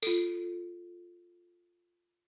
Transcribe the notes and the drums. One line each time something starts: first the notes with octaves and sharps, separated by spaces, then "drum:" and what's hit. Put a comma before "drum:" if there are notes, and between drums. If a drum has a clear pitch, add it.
F4 A4, drum: tambourine